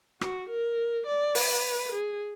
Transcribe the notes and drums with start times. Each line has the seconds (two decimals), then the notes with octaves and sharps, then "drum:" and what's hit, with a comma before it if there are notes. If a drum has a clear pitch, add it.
0.21 F#4, drum: rim click
0.50 A#4
1.07 D5
1.35 B4, drum: open hi-hat
1.92 G#4